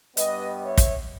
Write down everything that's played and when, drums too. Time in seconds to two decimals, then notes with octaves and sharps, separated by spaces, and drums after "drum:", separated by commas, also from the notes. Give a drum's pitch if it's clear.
0.17 G2 G3 B3 B4 D#5, drum: hi-hat
0.62 C#5 E5
0.78 drum: kick, hi-hat